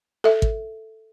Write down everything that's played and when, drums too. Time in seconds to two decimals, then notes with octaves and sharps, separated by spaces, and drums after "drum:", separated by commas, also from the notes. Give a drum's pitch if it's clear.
0.24 A4 E5
0.42 drum: kick